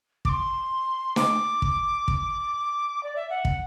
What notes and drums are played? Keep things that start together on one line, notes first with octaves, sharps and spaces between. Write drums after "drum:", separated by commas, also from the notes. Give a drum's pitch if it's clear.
D6, drum: kick
C6
D6, drum: snare
drum: kick
drum: kick
D5
E5
F#5
drum: kick